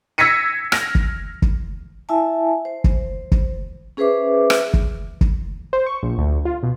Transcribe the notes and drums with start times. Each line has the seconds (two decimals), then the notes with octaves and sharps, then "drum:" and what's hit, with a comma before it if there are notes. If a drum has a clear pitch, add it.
0.18 E6 G#6 A#6 B6 C#7 D#7
0.72 F6 A#6, drum: rim click
0.95 drum: kick
1.42 drum: kick
2.09 E4 E5 G#5 A5
2.65 C5
2.84 drum: kick
3.32 drum: kick
3.97 C#4 G#4 B4 C5 E5 D6
4.50 drum: rim click
4.74 drum: kick
5.21 drum: kick
5.73 C5
5.86 C#6
6.03 A#1
6.18 D2
6.45 F4
6.63 B2